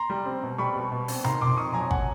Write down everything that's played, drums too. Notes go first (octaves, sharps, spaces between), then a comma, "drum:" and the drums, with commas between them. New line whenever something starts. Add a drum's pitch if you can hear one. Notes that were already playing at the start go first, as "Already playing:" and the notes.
Already playing: A#5 C6
G3
C4
B2
G3 B5 C#6
B2
B2
C4, drum: open hi-hat
D#3 A#5 C6, drum: tom B2
F2 C6 D6
F2 C#6 D#6
F#3 G#5 A#5
F#5 G#5, drum: kick